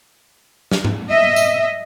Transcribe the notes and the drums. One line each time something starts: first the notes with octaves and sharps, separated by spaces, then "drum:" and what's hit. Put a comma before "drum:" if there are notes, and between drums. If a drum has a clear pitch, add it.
drum: snare
drum: tom G#2
D#5 E5
drum: tambourine